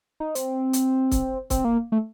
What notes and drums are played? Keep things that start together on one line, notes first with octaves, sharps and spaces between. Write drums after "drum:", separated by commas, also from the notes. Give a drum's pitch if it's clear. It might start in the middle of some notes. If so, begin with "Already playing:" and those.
D#4
C4, drum: hi-hat
drum: hi-hat
drum: kick, hi-hat
C4, drum: kick, hi-hat
A#3
A3